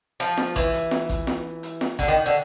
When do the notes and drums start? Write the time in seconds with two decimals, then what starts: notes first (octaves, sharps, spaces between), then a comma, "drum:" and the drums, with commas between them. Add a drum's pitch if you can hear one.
0.20 F3, drum: hi-hat
0.37 drum: snare
0.56 E3, drum: kick A1, hi-hat
0.73 drum: hi-hat
0.91 drum: snare
1.09 drum: kick A1, hi-hat
1.27 drum: snare
1.63 drum: hi-hat
1.81 drum: snare
1.99 D3, drum: kick A1, hi-hat
2.08 D#3
2.26 D3